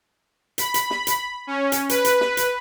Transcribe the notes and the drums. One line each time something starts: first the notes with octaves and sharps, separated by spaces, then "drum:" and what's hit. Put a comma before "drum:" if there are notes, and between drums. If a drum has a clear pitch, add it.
B5, drum: hi-hat
drum: hi-hat
drum: snare
drum: hi-hat
C#4
drum: hi-hat
B4, drum: hi-hat
drum: hi-hat
drum: snare
drum: hi-hat